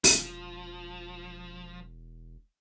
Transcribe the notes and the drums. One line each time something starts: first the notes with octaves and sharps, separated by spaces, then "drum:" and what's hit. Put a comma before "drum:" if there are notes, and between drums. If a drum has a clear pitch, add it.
E1 F3, drum: open hi-hat